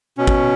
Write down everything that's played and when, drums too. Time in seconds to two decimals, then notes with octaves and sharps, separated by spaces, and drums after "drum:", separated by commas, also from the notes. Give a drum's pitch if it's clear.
0.18 B2 C#4
0.27 drum: kick